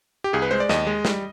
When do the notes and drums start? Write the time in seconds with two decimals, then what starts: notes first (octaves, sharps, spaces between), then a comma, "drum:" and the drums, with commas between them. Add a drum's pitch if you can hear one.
0.24 G4
0.33 C2 G#4
0.42 B4
0.51 G#3 C5
0.60 D5
0.69 D#2 D#5, drum: snare
0.87 G#3
1.05 G3, drum: snare